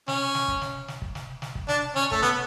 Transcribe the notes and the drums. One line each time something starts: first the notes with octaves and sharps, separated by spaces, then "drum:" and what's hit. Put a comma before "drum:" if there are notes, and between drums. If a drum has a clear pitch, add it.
C#4, drum: snare
drum: snare
drum: kick
drum: snare
drum: snare
drum: kick
drum: snare
drum: snare
drum: kick
D4, drum: snare
C#4, drum: snare
A3, drum: kick
B3, drum: snare